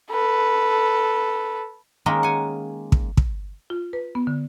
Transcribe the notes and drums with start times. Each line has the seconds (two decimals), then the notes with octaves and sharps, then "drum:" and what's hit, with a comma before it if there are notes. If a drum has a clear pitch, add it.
0.10 A4 B4
2.06 D#3 G#3 A#3 C#4 A#4 G5
2.23 F#5 G#5
2.92 drum: kick
3.17 drum: kick
3.70 F4
3.93 B4
4.15 B3
4.27 D3